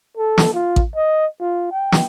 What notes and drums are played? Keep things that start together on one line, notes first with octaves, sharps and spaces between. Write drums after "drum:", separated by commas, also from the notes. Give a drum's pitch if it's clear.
A4
drum: snare
F4
drum: kick A1
D#5
F4
G5
drum: snare